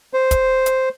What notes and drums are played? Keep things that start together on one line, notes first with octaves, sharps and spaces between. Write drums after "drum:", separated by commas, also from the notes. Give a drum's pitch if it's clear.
C5
drum: kick, hi-hat
drum: hi-hat